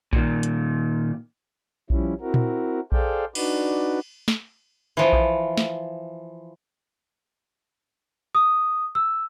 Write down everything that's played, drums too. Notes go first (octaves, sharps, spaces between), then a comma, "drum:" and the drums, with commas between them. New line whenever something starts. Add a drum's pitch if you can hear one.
A#2 D#3, drum: kick A#1
drum: hi-hat
F3 G3 C#4 E4, drum: kick A#1
C4 E4 F#4 A#4
drum: tom A#2
G#4 A4 C5 D5 F5 G5, drum: kick A#1
D4 D#4 F#4 B4 D5, drum: cymbal
drum: snare
E3 F3
drum: kick A#1
drum: snare
D#6
E6